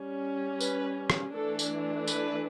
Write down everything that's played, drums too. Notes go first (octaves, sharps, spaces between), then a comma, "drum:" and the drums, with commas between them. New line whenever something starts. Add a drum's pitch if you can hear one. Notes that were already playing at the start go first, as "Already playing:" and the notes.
Already playing: G3 C#4
B4, drum: tambourine
drum: rim click
E3 A3 D4 A4
drum: tambourine
B4, drum: tambourine